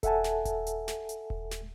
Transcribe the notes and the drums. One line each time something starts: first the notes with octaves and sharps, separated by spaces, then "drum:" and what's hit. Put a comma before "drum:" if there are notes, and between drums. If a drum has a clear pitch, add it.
A4 E5 F#5 G#5 A5, drum: kick D#1, hi-hat
drum: snare
drum: kick D#1, hi-hat
drum: hi-hat
drum: snare
drum: hi-hat
drum: kick D#1
drum: snare